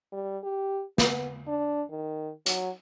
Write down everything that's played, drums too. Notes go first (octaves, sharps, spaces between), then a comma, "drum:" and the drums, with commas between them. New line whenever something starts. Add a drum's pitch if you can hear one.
G3
G4
B3, drum: snare
D4
D#3
F#3, drum: hi-hat